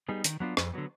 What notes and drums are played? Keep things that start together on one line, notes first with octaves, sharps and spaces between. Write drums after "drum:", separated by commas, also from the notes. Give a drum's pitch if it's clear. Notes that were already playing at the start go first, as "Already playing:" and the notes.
G3 B3 D#4 G#4
D#3, drum: hi-hat
F#3 B3 D4 F4
F2, drum: rim click
D3 F#3 B3